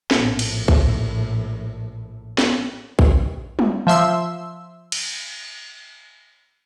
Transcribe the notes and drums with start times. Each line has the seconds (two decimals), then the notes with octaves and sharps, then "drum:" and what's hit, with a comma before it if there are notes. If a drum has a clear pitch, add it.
0.11 A#1 A2, drum: snare
0.39 drum: cymbal
0.68 drum: kick
2.38 drum: snare
2.99 drum: kick
3.59 drum: tom
3.87 F3 E5 C6 E6
4.92 drum: cymbal